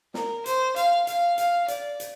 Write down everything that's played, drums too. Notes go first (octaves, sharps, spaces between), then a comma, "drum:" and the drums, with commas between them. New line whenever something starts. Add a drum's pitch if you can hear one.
A#4, drum: snare
C5, drum: hi-hat
F5, drum: hi-hat
F5, drum: hi-hat
F5, drum: hi-hat
D5, drum: hi-hat
drum: hi-hat